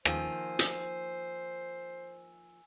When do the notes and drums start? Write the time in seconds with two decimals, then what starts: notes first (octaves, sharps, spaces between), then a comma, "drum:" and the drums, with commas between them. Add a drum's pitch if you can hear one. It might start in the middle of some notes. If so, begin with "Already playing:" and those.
0.05 D#3 F3 A#3 C5 G#5 E6 D#7, drum: rim click
0.59 drum: hi-hat